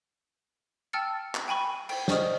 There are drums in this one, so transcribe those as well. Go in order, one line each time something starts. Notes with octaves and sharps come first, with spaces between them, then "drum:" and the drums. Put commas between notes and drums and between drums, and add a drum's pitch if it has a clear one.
G5 A5 E6 F6 A6 C#7
drum: clap
G5 G#5 B5 C#6
G5, drum: cymbal
C5 D5 D#5 C#6 D#6 F6, drum: snare